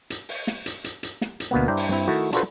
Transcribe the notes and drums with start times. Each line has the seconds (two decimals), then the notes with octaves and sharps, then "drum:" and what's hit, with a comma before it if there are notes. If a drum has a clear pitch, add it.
0.10 drum: hi-hat
0.29 drum: open hi-hat
0.47 drum: snare
0.66 drum: hi-hat
0.84 drum: hi-hat
1.03 drum: hi-hat
1.21 drum: snare
1.40 drum: hi-hat
1.51 D2 B2 A#3 B3
1.68 G2 E4 C5 D5 G5 A#5
1.77 drum: open hi-hat
1.89 G2 C4 E4
2.08 D#3 A3 E4 F#4
2.33 D4 F4 F#4 A4 B4 C5, drum: hi-hat